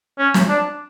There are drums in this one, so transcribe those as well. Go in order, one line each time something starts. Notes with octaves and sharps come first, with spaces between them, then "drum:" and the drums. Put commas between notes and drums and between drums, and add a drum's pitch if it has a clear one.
C#4
drum: snare
D4